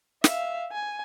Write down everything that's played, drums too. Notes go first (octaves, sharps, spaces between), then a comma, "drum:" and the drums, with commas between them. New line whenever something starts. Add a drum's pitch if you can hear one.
E5 F5, drum: snare
G#5